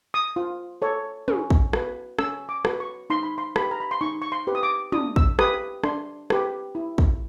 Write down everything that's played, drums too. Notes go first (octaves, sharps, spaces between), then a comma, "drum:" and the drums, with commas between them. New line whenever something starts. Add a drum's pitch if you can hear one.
D#6
F4
A4 C#5
C#4, drum: tom
drum: kick
F#4 B4, drum: rim click
C#4 E6, drum: rim click
D6
F#4 B4, drum: rim click
C#6
D#4 C6
B5
C6
G4 B4 B5, drum: rim click
A#5
B5
C6
D#4 C#6
C#6
C6
G4 B4
D#6
D6
D4 D#6, drum: tom
E6, drum: kick
G4 B4 D#6, drum: rim click
D4 C6, drum: rim click
G4 B4, drum: rim click
E4
drum: kick